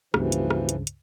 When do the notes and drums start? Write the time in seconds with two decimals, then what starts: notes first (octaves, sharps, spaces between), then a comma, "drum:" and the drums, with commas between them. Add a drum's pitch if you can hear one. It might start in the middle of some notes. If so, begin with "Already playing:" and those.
0.14 C#2 G2 C#3 E3 F3 A#3 F#4 G4, drum: rim click
0.32 drum: hi-hat
0.50 drum: rim click
0.69 drum: hi-hat
0.87 drum: hi-hat